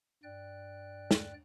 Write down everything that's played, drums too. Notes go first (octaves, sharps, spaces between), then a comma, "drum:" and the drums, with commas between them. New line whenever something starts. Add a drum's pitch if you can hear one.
G2 D5 G5 F#6
drum: snare